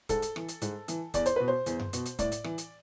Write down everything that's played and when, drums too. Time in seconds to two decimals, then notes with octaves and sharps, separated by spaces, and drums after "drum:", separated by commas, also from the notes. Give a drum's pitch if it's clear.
0.09 G#2 A4, drum: kick, hi-hat
0.22 drum: hi-hat
0.36 E3, drum: rim click
0.49 drum: hi-hat
0.62 G#2, drum: hi-hat
0.88 E3, drum: hi-hat
1.14 E2 D5, drum: kick, hi-hat
1.26 C5, drum: hi-hat
1.36 B2 B4
1.48 C5
1.66 E2, drum: hi-hat
1.79 drum: tom F#2
1.93 B2, drum: hi-hat
2.06 drum: hi-hat
2.19 A2 D5, drum: kick, hi-hat
2.32 drum: hi-hat
2.44 E3, drum: rim click
2.58 drum: hi-hat